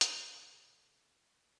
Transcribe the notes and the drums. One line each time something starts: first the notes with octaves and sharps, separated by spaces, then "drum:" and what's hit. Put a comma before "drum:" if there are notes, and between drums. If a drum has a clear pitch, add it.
C3 A4 C#6 D6 F6, drum: hi-hat